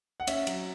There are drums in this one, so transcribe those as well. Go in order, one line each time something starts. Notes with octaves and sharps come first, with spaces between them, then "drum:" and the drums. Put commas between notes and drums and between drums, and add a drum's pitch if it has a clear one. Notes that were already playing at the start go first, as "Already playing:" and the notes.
F#5
C#4 E5, drum: cymbal
F#3, drum: cymbal